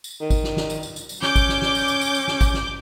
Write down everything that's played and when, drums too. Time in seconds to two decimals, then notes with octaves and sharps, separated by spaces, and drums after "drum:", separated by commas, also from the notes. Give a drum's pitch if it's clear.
0.04 drum: tambourine
0.21 D#3
0.30 drum: kick G#1, tambourine
0.44 drum: snare
0.57 drum: snare
0.70 drum: tambourine
0.83 drum: tambourine
0.96 drum: tambourine
1.09 drum: tambourine
1.22 C#4 D6 G6, drum: snare
1.36 drum: kick G#1, tambourine
1.49 drum: snare
1.62 drum: snare
1.75 drum: tambourine
1.88 drum: tambourine
2.01 drum: tambourine
2.14 drum: tambourine
2.28 drum: snare
2.41 drum: kick G#1, tambourine
2.54 drum: snare